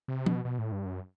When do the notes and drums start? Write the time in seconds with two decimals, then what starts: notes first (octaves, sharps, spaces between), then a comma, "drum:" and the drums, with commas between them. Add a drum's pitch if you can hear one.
0.08 C3
0.26 B2, drum: tom F3
0.45 B2
0.59 A2
0.72 G2
0.85 F#2